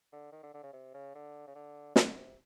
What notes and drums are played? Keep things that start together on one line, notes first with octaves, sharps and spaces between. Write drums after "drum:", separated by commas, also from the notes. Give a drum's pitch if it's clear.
D3
D#3
D3
D3
C#3
C3
C#3
D3
C#3
D3
D3, drum: snare
C3